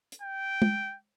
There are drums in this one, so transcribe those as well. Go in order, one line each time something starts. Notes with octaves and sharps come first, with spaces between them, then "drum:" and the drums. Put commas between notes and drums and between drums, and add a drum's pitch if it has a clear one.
drum: hi-hat
G5
drum: tom G#3